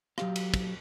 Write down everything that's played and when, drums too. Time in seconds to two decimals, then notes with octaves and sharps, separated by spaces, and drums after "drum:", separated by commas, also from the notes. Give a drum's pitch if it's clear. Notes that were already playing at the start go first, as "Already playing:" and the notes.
0.18 F#3 G4 F5, drum: rim click
0.36 drum: cymbal
0.54 drum: kick, cymbal